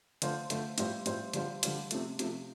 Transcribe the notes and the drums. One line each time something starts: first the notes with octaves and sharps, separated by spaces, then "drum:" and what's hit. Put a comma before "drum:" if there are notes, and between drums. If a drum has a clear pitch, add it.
D3 A3 F4 C5, drum: hi-hat
D3 A3 F4 C5, drum: hi-hat
A2 G3 F4 C5, drum: hi-hat
A2 G3 F4 C5, drum: hi-hat
D3 G3 F4 C5, drum: hi-hat
D3 G3 F4 C5, drum: hi-hat
C3 F3 A3, drum: hi-hat
C3 F3 A3, drum: hi-hat